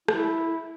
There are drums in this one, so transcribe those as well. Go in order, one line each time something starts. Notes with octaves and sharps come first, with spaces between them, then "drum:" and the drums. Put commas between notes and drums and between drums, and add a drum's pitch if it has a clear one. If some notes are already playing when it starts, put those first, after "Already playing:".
E4, drum: rim click